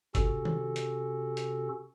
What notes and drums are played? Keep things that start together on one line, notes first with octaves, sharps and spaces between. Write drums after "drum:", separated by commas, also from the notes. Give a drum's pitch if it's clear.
C3 C#4 F#4 A4, drum: kick, hi-hat
drum: tom D#3
drum: hi-hat
drum: hi-hat